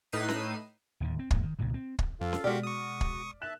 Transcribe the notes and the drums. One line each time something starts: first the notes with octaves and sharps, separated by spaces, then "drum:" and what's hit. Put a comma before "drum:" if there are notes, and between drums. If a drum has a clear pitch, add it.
A2 D#4 B4 E6 C7 D#7
drum: snare C#4
D1 D#2 D3
C4
E2 G#2 A#3, drum: kick
D#3
C2 G2 A#2 D3
C4
drum: kick
F2 F4 A4 F5
drum: snare C#4
B2 G#3 F#4 G4 D5 F6 B6
F#4 C#6 D#6
drum: kick
E5 A5 F#6 E7